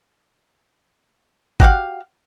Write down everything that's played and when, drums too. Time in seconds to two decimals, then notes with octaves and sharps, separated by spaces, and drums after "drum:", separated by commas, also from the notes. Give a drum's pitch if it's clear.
1.60 F#4 G4 F5 F#5, drum: kick